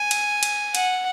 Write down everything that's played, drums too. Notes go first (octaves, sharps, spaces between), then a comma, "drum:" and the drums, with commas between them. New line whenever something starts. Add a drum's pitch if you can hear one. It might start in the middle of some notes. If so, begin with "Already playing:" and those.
Already playing: G#5
drum: cymbal
drum: cymbal
F#5, drum: cymbal